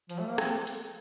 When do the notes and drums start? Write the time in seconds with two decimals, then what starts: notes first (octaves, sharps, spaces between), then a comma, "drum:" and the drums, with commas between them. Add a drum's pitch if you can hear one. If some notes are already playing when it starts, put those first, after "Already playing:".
0.09 F3, drum: hi-hat
0.20 A3
0.29 A#3
0.38 C4, drum: rim click
0.67 drum: hi-hat